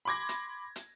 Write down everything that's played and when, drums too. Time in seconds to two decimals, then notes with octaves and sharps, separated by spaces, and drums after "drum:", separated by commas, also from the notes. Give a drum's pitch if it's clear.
0.05 B5 C6 D6 G#6 A#6
0.29 drum: hi-hat
0.76 drum: hi-hat